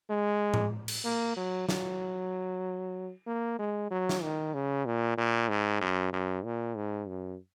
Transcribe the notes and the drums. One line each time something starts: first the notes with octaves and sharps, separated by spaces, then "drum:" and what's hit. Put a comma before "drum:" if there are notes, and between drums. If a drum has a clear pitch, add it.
G#3
drum: tom A2
drum: cymbal
A#3
F#3
F#3, drum: snare
A#3
G#3
F#3
drum: snare
D#3
C#3
A#2
A#2
G#2
F#2
F#2
A#2
G#2
F#2